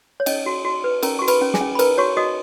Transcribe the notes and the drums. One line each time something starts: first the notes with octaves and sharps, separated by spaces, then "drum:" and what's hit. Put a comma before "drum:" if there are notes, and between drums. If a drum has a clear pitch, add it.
C#5
C#4 D#5, drum: cymbal
F#4
F#4
B4
C#4 A#4 A#5, drum: cymbal
F#4 C#6
B4 B5, drum: cymbal
C#4
G#4 G#5, drum: snare
C#4
B5
A#4 B4 A#5, drum: cymbal
F#4 C#5 C#6
F#4 D#5 D#6